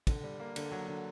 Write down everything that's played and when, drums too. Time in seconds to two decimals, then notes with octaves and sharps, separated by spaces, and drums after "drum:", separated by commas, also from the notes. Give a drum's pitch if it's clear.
0.07 D3, drum: kick, cymbal
0.24 G3
0.40 A#3
0.56 D3, drum: cymbal
0.72 F#3
0.88 D3